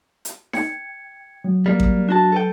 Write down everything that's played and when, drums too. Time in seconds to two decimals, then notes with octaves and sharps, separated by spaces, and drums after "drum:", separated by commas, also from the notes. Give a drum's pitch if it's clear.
0.25 drum: hi-hat
0.53 G5 G#6 C#7, drum: snare D#4
1.44 F#3 A3
1.66 G3 A#3
1.80 drum: kick A1
2.09 D4 F#4 A5
2.32 A4 B4 G5